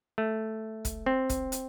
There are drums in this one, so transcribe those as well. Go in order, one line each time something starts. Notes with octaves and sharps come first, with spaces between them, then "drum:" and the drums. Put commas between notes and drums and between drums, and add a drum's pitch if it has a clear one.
A3
drum: kick, hi-hat
C4
drum: kick, hi-hat
drum: hi-hat